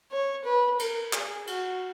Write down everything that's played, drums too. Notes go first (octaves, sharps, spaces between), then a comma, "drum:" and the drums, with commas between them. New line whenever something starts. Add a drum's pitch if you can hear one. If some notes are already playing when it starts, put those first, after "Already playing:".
C#5
B4
A#4, drum: cymbal
G#4, drum: clap
F#4, drum: cymbal